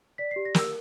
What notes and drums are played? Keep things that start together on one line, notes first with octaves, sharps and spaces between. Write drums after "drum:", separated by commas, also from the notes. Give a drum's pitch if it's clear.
D5 B6
G4 C7
A#6
A#4 E6, drum: snare